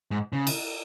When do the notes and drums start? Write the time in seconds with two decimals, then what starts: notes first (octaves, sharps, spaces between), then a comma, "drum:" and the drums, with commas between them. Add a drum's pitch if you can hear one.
0.11 G#2
0.33 C#3
0.47 drum: cymbal